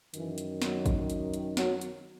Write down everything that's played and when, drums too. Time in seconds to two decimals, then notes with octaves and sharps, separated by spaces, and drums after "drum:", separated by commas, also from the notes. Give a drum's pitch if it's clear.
0.14 F#2 D#3 E3, drum: hi-hat
0.38 drum: hi-hat
0.62 F#3, drum: snare
0.86 drum: kick, hi-hat
1.10 drum: hi-hat
1.34 drum: hi-hat
1.57 F#3, drum: snare
1.81 drum: hi-hat